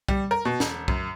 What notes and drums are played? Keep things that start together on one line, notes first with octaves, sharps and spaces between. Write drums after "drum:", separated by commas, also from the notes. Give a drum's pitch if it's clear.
G3, drum: kick
A#4
B2
E1, drum: snare
F#2, drum: kick